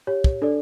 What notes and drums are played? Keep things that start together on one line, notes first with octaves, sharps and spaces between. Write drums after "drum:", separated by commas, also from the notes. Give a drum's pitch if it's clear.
G4 C#5
drum: kick
D4 A4 D5